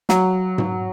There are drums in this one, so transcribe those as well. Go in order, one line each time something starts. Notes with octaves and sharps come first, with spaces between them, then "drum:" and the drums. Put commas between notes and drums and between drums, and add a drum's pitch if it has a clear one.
F#3, drum: snare
drum: tom G#2